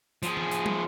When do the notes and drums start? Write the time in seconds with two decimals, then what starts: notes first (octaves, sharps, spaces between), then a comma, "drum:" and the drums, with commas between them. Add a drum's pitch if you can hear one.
0.23 F3 G#4, drum: hi-hat
0.37 drum: tom E3
0.51 drum: hi-hat
0.66 drum: tom